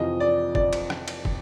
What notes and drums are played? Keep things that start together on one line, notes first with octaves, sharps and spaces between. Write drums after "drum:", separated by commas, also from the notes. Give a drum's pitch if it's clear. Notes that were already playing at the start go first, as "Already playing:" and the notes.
Already playing: F2 C3 E3 D#5
D5
D5, drum: kick
drum: cymbal
drum: rim click
drum: cymbal
drum: kick